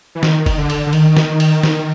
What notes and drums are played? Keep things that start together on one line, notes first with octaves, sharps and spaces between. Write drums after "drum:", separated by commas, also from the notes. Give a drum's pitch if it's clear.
E3
D#3, drum: snare
drum: kick F#1, cymbal
D3
drum: cymbal
D3
D#3, drum: cymbal
drum: snare
drum: cymbal
drum: snare